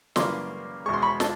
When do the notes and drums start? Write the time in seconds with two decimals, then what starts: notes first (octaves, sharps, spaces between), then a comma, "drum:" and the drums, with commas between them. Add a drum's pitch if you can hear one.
0.16 F#2 C#3 E3 G3 A#3 C6 D6, drum: snare
0.86 E2 B2 G#3 C#6
0.94 C6
1.02 B5 C#6
1.20 A5, drum: snare